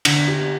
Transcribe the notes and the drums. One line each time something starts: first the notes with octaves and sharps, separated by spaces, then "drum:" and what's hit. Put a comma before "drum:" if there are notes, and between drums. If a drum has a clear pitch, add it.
D3, drum: cymbal
G4